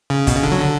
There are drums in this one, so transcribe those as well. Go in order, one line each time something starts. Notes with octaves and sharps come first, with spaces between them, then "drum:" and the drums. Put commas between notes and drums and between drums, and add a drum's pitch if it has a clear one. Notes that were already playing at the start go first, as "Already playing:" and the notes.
C#3
B2, drum: kick, hi-hat
C#3
D3
F#3
D3